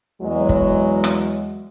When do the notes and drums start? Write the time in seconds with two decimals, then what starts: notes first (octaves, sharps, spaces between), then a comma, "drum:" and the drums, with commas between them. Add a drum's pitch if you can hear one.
0.22 E2 F#3 G#3
0.49 drum: kick F#1
1.04 drum: rim click